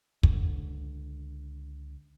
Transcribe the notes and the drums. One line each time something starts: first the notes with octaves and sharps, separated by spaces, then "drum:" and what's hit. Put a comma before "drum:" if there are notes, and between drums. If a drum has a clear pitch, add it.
C#2 D3, drum: kick